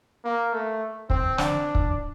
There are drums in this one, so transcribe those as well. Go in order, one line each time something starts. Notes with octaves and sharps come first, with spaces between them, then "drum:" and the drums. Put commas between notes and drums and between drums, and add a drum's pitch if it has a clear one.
A#3
A3
C4, drum: kick
D4, drum: snare
drum: kick